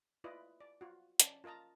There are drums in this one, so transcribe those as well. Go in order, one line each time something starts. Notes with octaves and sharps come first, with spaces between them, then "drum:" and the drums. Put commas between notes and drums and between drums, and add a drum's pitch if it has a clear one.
E4 F4 B4 D5 D#5
D5
F4 F#4
C#4 D5 A5, drum: hi-hat
F4 A#4 D#5 A5 A#5